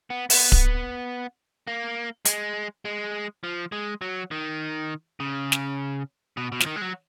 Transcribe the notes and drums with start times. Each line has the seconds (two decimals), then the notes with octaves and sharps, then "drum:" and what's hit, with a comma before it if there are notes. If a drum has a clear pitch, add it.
0.10 B3
0.30 B3, drum: open hi-hat
0.52 drum: kick D1
1.67 A#3
2.25 G#3, drum: hi-hat
2.85 G#3
3.44 F3
3.72 G#3
4.01 F#3
4.31 D#3
5.20 C#3
5.52 drum: snare
6.37 B2
6.52 B2
6.60 F3, drum: snare
6.66 D#3
6.76 G#3
6.82 F#3